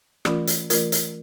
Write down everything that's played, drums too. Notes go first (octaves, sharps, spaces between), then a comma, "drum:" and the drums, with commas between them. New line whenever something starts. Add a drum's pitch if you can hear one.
E3 A3 C#4 F4 A#4, drum: rim click
drum: hi-hat
E3 A3 C#4 F4 A#4, drum: hi-hat
drum: hi-hat